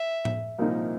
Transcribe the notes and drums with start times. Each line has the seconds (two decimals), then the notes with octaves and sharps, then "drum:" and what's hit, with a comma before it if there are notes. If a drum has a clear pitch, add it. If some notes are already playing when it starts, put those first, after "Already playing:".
Already playing: E5
0.25 drum: tom A2
0.58 C2 A#2 F3 A#3 D#4